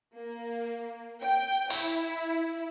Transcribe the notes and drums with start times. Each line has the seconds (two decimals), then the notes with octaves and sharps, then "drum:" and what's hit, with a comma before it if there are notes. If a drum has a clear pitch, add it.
0.16 A#3
1.21 G5
1.70 E4, drum: open hi-hat